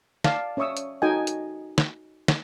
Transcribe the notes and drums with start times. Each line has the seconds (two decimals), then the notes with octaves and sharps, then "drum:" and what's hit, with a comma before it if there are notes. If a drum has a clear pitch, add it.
0.24 D5 F5 A5, drum: snare
0.57 C#4 C#5 E5 C#6 D#6 E6
0.77 drum: hi-hat
1.02 D#4 F#4 A4 D#5 G5 G#5
1.27 drum: hi-hat
1.78 drum: snare
2.28 drum: snare